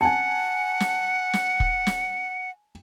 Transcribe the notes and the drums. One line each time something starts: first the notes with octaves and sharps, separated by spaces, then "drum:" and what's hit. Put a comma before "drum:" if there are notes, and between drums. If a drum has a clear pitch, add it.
F#5 G#5 A5 C#7
drum: snare
drum: snare
drum: kick
drum: snare